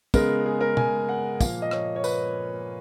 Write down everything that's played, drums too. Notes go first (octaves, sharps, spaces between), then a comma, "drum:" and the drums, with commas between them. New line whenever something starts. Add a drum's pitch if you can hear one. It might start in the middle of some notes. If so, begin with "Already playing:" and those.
C#3 G#3 B3 A#4, drum: kick, tambourine
G#4
A#4
G#5, drum: tom
F#5
A#2 F3 A#3 F5, drum: kick, tambourine
D#5
C#5, drum: rim click
C#5
B4, drum: tambourine